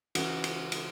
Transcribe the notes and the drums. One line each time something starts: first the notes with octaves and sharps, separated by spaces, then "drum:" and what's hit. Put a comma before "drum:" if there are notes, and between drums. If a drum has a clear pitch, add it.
C#2 C#3 E3 F#4, drum: cymbal
drum: cymbal
drum: cymbal